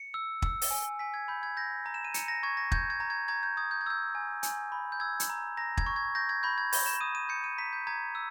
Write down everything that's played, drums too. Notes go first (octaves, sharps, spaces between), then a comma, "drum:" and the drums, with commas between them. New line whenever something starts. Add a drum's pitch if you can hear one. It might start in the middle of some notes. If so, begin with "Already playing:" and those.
Already playing: C#7
E6
E6, drum: kick
drum: open hi-hat
G#5
G#5 B6
G#6
B5 G6
G#6
G6 A#6
A#5
E7
D#7
A#5 C#7, drum: hi-hat
A#6
C#6 G#6
A#6
G6 G#6, drum: kick
G#6
A#5
G#6
A#5 G#6
G6
D#6 G#6
G6
G#6
E6 G6
G#5
G#5, drum: hi-hat
B5
G6
E6 G#6
drum: hi-hat
A#5
A#5 A#6
G#6, drum: kick
C#6
G#6
G6 A#6
G#6
B5 G6
G#6
B5 G6, drum: open hi-hat
E7
D#6 D#7
D#7
G6 C#7
D#7
A#5 B6
G6
A#5 G#6
E6